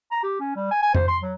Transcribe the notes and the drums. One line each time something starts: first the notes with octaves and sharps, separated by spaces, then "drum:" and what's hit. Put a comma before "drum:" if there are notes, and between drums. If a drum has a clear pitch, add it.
A#5
G4
C#4
G3
G#5
G#5
C5, drum: tom F2
C6
F#3